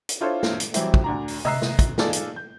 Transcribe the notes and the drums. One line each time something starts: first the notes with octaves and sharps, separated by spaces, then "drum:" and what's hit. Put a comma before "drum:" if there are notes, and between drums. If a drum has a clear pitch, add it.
drum: hi-hat
D4 E4 F4 A4 C5 C#5
drum: snare
drum: hi-hat
E3 F#3 G3 C4 E4, drum: hi-hat
drum: kick
D2 D4 A#5
drum: open hi-hat
D#5 E5 A#5 E6 F#6 C7, drum: tom C3
drum: snare
drum: kick, hi-hat
D#4 F4 G#4 A4 D5, drum: snare
drum: hi-hat
G6